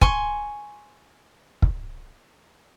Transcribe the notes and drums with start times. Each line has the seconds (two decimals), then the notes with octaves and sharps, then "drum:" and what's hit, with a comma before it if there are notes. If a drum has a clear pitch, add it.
0.01 G#5 C6 C#6, drum: kick
1.62 drum: kick